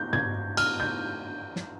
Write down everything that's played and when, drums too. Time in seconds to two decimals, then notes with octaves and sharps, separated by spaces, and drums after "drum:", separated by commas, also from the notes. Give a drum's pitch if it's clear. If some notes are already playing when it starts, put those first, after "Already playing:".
Already playing: G6
0.13 G#6, drum: tom
0.57 F6, drum: cymbal
0.80 G6
1.56 drum: snare